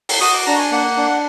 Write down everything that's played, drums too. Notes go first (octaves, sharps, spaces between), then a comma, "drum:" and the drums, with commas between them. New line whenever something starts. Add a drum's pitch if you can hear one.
drum: open hi-hat
F#4 D#6
D6
D4 A#5
G#5
A#3 F#5
D4